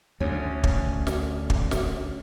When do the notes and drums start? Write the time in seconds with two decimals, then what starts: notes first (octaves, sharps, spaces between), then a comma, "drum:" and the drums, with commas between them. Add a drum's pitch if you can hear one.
0.20 D2 C#4
0.64 drum: kick
1.07 drum: snare
1.50 drum: kick
1.71 drum: snare